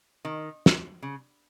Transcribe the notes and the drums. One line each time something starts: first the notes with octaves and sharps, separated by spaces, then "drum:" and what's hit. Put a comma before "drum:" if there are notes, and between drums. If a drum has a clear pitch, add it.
D#3
drum: snare
C#3